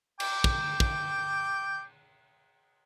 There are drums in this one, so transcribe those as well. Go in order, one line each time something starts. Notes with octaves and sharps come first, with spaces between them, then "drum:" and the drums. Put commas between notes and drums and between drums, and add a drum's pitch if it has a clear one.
G5 D6, drum: cymbal
drum: kick
drum: kick